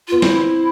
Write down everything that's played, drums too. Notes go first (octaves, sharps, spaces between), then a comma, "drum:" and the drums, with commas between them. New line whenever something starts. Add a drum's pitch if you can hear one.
B3 F4
C4 E4, drum: snare